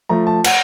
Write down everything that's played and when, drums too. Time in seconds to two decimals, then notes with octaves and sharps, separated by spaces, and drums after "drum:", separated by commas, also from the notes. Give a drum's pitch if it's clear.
0.09 F3 A3 A#5
0.27 A5
0.44 F#5, drum: cymbal